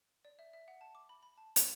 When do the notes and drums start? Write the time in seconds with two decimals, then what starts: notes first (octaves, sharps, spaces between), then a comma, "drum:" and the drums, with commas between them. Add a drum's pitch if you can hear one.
0.25 D5
0.39 E5
0.53 E5
0.68 F#5
0.81 A5
0.95 D6
1.09 B5
1.23 B5
1.37 A5
1.56 drum: hi-hat